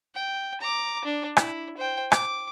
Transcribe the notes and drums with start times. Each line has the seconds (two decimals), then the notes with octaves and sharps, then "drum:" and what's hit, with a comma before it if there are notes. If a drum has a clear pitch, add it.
0.15 G5
0.61 A#5 D6
1.05 D4
1.37 E4, drum: rim click
1.77 C5 G5
2.12 D6, drum: rim click